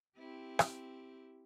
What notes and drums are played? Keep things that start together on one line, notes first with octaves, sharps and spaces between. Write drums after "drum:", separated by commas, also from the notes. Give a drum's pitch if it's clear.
C4 E4 G4
drum: rim click